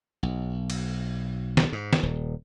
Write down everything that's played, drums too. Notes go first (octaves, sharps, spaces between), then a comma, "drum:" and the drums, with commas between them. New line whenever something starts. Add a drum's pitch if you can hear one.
B1
drum: cymbal
drum: snare
G#2
drum: snare
D#1